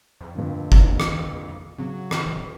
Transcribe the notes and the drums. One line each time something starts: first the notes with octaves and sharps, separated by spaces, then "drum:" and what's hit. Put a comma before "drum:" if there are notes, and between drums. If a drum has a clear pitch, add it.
F2
G2 A#2 D3
drum: kick G1
drum: rim click
C#3 F#3
drum: rim click
D1